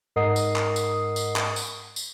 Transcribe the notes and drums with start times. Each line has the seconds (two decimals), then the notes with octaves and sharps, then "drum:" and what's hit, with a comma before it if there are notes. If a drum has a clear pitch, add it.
0.16 G#2 A#4 D#5 F#5 D#6 C7
0.36 drum: tambourine
0.56 drum: clap
0.76 drum: tambourine
1.16 drum: tambourine
1.36 drum: clap
1.56 drum: tambourine
1.96 drum: tambourine